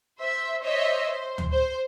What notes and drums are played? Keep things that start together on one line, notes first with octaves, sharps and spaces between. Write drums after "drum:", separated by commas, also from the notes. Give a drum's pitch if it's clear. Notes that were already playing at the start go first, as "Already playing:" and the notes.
C5 E5
C5 C#5 D#5 E5
C5
drum: tom D2
C5